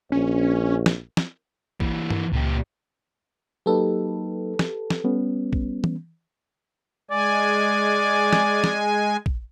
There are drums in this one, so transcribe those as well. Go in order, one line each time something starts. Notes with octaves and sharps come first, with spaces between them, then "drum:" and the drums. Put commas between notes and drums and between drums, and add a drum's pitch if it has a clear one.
A#1 C#4
drum: snare
drum: snare
E3 A#3, drum: kick
drum: tom G2
C#2 A#2 G4
F#3 A#3 D#4 G4 A4 B4
drum: snare
drum: snare
G3 B3 C#4
drum: kick
drum: tom E3
G#3 D5 G#5
drum: snare
drum: snare
drum: kick